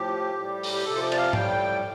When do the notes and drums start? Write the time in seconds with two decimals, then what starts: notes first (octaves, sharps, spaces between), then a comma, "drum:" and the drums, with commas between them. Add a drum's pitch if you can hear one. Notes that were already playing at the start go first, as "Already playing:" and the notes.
Already playing: A2 F3 G4
0.36 A2 G3
0.63 drum: open hi-hat
0.73 G4
0.85 C3 F3 A4
0.95 C5
1.01 D5
1.12 D5, drum: cymbal
1.17 F5
1.33 A2 G3 G5, drum: tom G#2